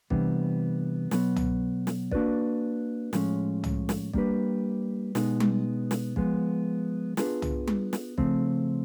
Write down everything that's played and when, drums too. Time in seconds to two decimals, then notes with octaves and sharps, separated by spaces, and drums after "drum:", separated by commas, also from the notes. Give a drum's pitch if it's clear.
0.10 C3 E3 G3 B3 D4, drum: kick
1.11 B2 F#3 B3, drum: snare
1.36 drum: tom
1.87 drum: snare
2.11 A#3 D4 F#4 B4 D5, drum: kick
3.13 A2 F3 G#3 C#4, drum: snare
3.64 drum: tom
3.89 drum: snare
4.13 G3 A#3 D4 G4 B4, drum: kick
5.15 B2 G#3 B3 D#4, drum: snare
5.40 drum: tom G3
5.91 drum: snare
6.16 F3 G#3 B3, drum: kick
7.17 B3 D4 F4 G#4 B4, drum: snare
7.42 drum: tom
7.67 drum: tom G3
7.93 drum: snare
8.18 C#3 F3 A3 C4, drum: kick